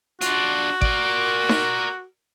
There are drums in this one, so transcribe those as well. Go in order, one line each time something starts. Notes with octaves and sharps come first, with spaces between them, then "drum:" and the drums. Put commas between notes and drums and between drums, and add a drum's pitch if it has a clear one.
D4 F4 F#4, drum: hi-hat
A#4 D5, drum: kick G#1
drum: snare D#4